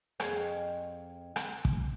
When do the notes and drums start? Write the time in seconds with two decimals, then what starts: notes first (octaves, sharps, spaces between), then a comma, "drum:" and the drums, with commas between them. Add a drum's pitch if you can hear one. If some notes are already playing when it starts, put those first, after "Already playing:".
0.20 F2 G#4 C#5, drum: rim click
1.36 drum: rim click
1.65 drum: kick